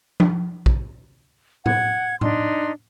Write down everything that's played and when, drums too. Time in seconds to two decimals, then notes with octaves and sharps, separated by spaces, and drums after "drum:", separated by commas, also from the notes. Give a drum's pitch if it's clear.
0.20 drum: tom F3
0.66 drum: kick A#1
1.66 F#5 G#6, drum: tom
2.21 D4 D#4 C6, drum: tom